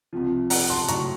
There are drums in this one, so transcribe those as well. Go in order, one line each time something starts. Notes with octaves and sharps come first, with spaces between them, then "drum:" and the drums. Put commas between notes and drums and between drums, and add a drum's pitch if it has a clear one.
C2 C3 F3
F#5 A#5, drum: open hi-hat
A5 C6
A2 F#3 A#5 C#6, drum: hi-hat